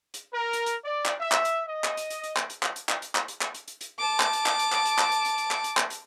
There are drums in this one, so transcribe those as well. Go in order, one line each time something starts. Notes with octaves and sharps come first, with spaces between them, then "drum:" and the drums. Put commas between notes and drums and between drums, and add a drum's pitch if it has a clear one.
drum: hi-hat
A#4
drum: hi-hat
drum: hi-hat
D5
drum: clap
E5
drum: clap
drum: hi-hat
D#5
drum: clap
drum: hi-hat
drum: hi-hat
drum: hi-hat
drum: clap
drum: hi-hat
drum: clap
drum: hi-hat
drum: clap
drum: hi-hat
drum: clap
drum: hi-hat
drum: clap
drum: hi-hat
drum: hi-hat
drum: hi-hat
A5 D6
drum: clap
drum: hi-hat
drum: clap
drum: hi-hat
drum: clap
drum: hi-hat
drum: clap
drum: hi-hat
drum: hi-hat
drum: hi-hat
drum: clap
drum: hi-hat
drum: clap
drum: hi-hat